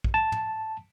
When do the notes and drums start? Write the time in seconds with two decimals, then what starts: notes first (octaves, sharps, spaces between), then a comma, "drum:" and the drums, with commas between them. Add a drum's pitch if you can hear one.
0.04 drum: kick
0.14 A5
0.32 drum: tom